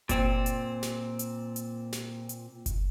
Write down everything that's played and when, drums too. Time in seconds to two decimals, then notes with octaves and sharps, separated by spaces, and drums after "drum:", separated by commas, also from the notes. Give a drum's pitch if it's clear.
0.09 A#2 C4, drum: kick F#1, hi-hat
0.46 drum: hi-hat
0.83 drum: snare
1.19 drum: hi-hat
1.56 drum: hi-hat
1.93 drum: snare
2.29 drum: hi-hat
2.66 drum: kick F#1, hi-hat